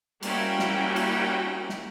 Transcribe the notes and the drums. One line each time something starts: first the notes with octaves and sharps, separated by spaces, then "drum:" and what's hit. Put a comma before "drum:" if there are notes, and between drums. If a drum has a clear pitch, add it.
G3 A#3 C#4 E4 F#4 G5, drum: cymbal
drum: snare
drum: cymbal
drum: snare